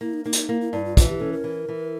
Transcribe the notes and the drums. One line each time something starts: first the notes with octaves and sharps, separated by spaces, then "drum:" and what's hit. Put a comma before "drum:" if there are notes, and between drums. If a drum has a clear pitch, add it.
A#3 E4
D#4
A#3 D#4
E4, drum: hi-hat
D#4
A#3 E4
E4
G2 E4
F4
E3 F4, drum: kick, hi-hat
G4
C#4 A4
A#4
E3
E3